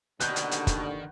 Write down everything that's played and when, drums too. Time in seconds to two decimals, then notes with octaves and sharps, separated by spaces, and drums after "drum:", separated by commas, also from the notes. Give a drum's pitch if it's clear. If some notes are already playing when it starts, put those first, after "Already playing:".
0.20 A1 D#2 B2 D3 D#3 F#6 G6, drum: hi-hat
0.36 drum: hi-hat
0.51 drum: hi-hat
0.67 drum: kick, hi-hat